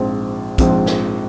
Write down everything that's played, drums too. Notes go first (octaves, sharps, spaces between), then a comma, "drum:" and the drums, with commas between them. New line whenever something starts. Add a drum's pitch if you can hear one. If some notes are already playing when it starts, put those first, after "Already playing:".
Already playing: A#1 G#2 F3 C4
A#1 G#2 F3 C4, drum: kick, hi-hat
drum: snare